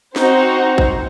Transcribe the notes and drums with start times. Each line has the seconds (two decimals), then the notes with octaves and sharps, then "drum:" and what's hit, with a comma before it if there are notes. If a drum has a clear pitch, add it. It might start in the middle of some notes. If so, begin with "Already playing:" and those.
0.16 C4 D#4 F#4 C5, drum: snare
0.78 drum: kick